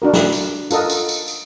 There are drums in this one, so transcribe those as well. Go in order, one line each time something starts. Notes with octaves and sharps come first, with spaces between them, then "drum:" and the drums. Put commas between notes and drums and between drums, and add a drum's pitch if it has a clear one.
D4 F#4 A#4
drum: snare
drum: tambourine
F4 A4 A#4 D#5 F#5, drum: tambourine
drum: tambourine
drum: tambourine
drum: tambourine